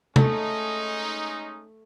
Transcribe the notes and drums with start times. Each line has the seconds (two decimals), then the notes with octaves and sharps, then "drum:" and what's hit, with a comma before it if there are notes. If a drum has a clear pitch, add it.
0.16 G#3 A3 C#4 D#4, drum: tom C3